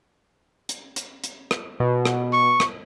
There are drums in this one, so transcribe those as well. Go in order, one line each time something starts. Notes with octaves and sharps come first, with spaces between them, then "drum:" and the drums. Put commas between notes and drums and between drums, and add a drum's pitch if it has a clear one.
drum: hi-hat
drum: hi-hat
drum: hi-hat
drum: rim click
B2
drum: rim click
C#6
drum: rim click